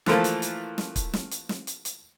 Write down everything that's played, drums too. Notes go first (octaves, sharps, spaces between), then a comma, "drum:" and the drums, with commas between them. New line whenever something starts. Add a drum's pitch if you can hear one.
E3 F3 A3 A#3, drum: snare
drum: hi-hat
drum: hi-hat
drum: snare
drum: kick, hi-hat
drum: snare
drum: hi-hat
drum: snare
drum: hi-hat
drum: hi-hat